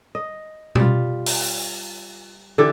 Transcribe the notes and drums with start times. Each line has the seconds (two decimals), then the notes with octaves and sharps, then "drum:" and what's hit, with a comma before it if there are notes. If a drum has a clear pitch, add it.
0.15 D#5
0.75 G3 F4, drum: tom B2
1.26 drum: open hi-hat
2.58 D3 E3 G4 A4